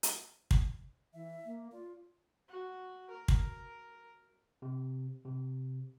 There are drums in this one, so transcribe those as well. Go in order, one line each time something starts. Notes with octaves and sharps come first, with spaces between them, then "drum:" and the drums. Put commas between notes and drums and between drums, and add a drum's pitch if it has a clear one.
drum: hi-hat
drum: kick
E3 E5
A#3
F4 D5
F#4
A#4
drum: kick
C3
C3